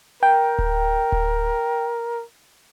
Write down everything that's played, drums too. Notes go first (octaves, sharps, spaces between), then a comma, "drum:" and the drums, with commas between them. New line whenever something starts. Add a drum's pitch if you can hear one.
A#4 G5
drum: kick D1
drum: kick D1